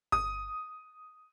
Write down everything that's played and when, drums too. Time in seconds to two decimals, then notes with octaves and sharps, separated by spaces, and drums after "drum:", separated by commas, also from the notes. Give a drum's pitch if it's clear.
0.12 D#6, drum: kick G1